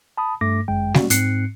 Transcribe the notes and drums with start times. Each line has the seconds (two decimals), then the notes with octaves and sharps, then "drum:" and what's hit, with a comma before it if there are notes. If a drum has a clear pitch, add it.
0.17 A5 B5 D#6
0.41 G2 A3 D6 A#6
0.68 G1 F#2 G#3 G5
0.94 G3 A#3 C#4 F#4, drum: snare G3
1.10 G#2 C4 F#6 C7 C#7, drum: hi-hat